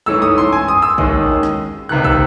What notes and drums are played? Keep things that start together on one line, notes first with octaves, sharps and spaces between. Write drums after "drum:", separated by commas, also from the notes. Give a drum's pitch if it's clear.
G#2 E3 A3 C#4 E6
D#6
C6
G#5
D#6
E6
D#2 D#3 G#3 C#4, drum: kick
drum: snare
C#2 C3 D#3 F#6
E6, drum: kick